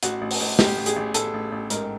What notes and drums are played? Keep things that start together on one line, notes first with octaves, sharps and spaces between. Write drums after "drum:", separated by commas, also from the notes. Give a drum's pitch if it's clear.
A1 F#4, drum: hi-hat
A1
drum: open hi-hat
A1
A1 G4, drum: snare
A1
G#4, drum: hi-hat
A1
A1 A4, drum: hi-hat
A1
A1
G#2 A#4, drum: hi-hat